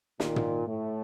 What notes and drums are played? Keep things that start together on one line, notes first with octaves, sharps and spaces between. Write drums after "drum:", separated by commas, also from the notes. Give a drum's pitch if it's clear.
A#2 D#3, drum: snare
drum: tom
A2 A3